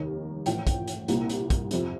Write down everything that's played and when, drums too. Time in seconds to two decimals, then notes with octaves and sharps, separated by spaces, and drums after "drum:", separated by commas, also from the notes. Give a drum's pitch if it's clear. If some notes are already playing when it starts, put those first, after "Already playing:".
Already playing: F1 D#2 D#3 G3 A#4
0.46 A1 A2 F3 G5, drum: hi-hat
0.67 drum: kick, hi-hat
0.88 drum: hi-hat
1.08 C2 A#2 G3 A#3, drum: hi-hat
1.29 drum: hi-hat
1.50 drum: kick, hi-hat
1.71 F2 C3, drum: hi-hat